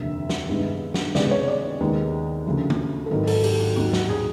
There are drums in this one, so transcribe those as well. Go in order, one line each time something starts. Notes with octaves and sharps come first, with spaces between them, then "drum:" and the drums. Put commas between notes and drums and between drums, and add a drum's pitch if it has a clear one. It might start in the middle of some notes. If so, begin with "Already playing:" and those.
Already playing: F1 D#2 D3 E5
drum: snare
G2 D#3 G#3 B3
drum: snare
C#2 C3 D#3 G#3 B3 D5, drum: snare
C#5
D5
D#2 D#3 G#3 B3
D2 C#3 F3 A3
drum: tom
A4
G#1 G#2 D#3 F#3 A#4
A4, drum: open hi-hat
G4, drum: open hi-hat
F#4
D#2 D#3 F#3 F#4
F#4, drum: snare
G#4, drum: tom A2